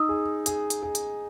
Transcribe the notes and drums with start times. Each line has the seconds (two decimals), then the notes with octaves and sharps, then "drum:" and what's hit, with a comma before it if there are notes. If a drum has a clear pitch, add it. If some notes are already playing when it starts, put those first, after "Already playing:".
Already playing: D#4 D#6 E6
0.09 G#4
0.46 G#4, drum: hi-hat
0.70 drum: hi-hat
0.82 G#4
0.95 drum: hi-hat